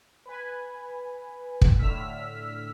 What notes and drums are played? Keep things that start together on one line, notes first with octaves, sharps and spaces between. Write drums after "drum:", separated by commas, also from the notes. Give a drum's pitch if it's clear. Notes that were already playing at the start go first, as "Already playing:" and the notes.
B4 G#5
drum: kick
A2 D3 E6 F6 B6